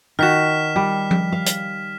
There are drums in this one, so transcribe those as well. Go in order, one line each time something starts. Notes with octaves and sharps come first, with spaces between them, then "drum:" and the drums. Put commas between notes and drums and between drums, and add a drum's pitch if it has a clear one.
D#3 F#4 F6 B6 E7
G3
drum: tom F3
F5
drum: hi-hat